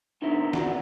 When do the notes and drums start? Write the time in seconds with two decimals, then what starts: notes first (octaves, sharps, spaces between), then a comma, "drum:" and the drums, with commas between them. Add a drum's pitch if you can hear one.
0.22 B3 D4 D#4 A#4 C5 E5
0.53 C#4 F4 F#4 D5 F#5 A#5, drum: snare